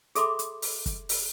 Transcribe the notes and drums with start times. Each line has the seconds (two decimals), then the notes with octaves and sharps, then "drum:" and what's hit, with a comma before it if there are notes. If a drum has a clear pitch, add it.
0.15 G#4 A4 E5 B5 C6 D6, drum: hi-hat
0.39 drum: hi-hat
0.62 drum: open hi-hat
0.86 drum: kick, hi-hat
1.09 drum: open hi-hat